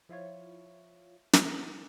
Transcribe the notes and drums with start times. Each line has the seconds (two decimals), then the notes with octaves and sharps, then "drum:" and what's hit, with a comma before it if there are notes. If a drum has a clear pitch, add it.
0.09 F3 E4 F4 C#5
1.33 drum: snare